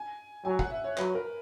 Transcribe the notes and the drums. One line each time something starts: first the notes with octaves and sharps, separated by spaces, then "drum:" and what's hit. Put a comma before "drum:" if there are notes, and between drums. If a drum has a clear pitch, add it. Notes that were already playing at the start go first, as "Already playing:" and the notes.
Already playing: G#5
F#3 G#5
F#5, drum: kick
E5
C#5
F#3 B4, drum: clap
A#4